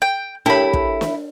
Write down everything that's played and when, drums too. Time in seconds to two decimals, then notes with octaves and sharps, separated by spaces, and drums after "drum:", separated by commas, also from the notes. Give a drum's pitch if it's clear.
0.02 G5
0.46 D4 E4 G4 A4 A#4 C#5 B5
0.73 drum: kick
1.01 drum: snare